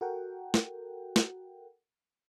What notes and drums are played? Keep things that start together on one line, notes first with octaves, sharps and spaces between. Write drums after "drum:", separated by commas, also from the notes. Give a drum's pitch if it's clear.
F#4 A4 A#4 F#5 G5
drum: snare
drum: snare